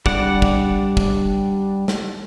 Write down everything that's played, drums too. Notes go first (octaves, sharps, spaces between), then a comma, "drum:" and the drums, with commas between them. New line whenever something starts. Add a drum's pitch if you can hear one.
G3 D4 D5 F#5, drum: kick
drum: kick
drum: kick
drum: snare